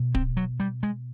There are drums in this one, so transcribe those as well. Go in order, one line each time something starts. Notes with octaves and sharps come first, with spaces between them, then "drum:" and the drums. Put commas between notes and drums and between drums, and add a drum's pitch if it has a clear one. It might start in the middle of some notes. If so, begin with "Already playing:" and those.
Already playing: B2
C4, drum: kick D1
F#3
G3
G#3